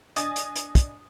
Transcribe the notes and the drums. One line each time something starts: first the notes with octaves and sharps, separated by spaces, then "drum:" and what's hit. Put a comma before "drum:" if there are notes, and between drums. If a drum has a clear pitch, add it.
D4 D#5 G#5 D#6 A6, drum: hi-hat
drum: hi-hat
drum: hi-hat
drum: kick, hi-hat